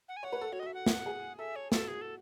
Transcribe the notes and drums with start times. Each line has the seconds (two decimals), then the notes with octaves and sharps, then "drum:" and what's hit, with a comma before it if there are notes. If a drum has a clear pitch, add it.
0.08 F#5
0.17 G#5
0.23 C#5 F#5
0.32 B4
0.41 A4
0.52 F#4 C#5
0.60 D#5
0.62 F#4 E5
0.74 F#5
0.86 drum: snare
1.06 G#4
1.38 A4 E5
1.56 C#5
1.72 F#4 A4, drum: snare
1.88 G#4
2.01 A4